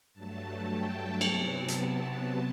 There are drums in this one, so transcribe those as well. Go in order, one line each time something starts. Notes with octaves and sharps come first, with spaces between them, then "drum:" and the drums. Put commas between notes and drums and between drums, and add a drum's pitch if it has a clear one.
G2 F#3 A3 A5
G5
C3 F#3 B3 A5, drum: cymbal
drum: hi-hat